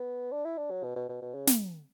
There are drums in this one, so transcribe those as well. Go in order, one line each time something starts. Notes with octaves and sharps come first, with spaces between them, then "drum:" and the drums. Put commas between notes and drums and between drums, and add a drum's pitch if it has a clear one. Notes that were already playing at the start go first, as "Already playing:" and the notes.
Already playing: B3
D4
E4
D4
F#3
B2
B2
B2
B2
C#3
drum: snare